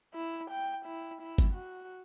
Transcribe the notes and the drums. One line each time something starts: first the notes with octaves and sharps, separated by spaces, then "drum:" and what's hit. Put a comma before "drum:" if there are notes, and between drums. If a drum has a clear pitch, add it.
E4
G5
E4
E4
drum: kick, tambourine
F#4